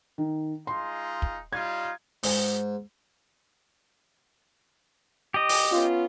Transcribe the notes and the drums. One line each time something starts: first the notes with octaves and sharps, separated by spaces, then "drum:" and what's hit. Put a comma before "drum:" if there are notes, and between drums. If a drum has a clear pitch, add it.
D#3
G#3 D#4 F4 C6
drum: kick
G3 D#4 F4 G#6
G#2, drum: open hi-hat
G4 D#5
drum: open hi-hat
B3 C#4 F4